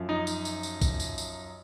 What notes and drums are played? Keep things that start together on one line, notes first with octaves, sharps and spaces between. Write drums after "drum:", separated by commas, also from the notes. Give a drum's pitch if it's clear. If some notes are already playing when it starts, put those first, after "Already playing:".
Already playing: F#2 F3
D#4
drum: tambourine
drum: tambourine
drum: tambourine
drum: kick A#1, tambourine
drum: tambourine
drum: tambourine